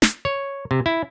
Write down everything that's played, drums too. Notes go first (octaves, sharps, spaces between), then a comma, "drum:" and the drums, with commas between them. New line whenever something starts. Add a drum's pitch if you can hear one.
drum: snare
C#5
C3
E4